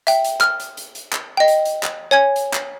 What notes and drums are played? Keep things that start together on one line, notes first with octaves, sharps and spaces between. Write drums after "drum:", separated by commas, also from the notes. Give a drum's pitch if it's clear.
E5 G5, drum: hi-hat
drum: hi-hat
F6, drum: clap
drum: hi-hat
drum: hi-hat
drum: hi-hat
drum: clap
D#5 G5
drum: hi-hat
drum: hi-hat
drum: clap
C#5 G#5 G#6
drum: hi-hat
drum: clap